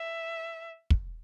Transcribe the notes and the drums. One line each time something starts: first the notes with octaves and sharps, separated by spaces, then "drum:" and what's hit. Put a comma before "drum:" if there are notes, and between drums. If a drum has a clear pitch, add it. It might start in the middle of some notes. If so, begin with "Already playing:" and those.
Already playing: E5
drum: kick